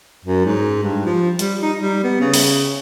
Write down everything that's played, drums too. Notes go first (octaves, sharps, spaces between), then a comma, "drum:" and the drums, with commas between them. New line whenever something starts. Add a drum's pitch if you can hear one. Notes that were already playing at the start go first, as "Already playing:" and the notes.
F#2
G#2
G2
F3
G3, drum: hi-hat
D#4
G3
B3
C#3
drum: open hi-hat